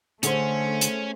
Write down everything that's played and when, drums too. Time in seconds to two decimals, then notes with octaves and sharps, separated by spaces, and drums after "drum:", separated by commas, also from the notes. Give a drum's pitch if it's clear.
0.23 D3 A3 C#4 G#4 C5, drum: hi-hat
0.81 drum: hi-hat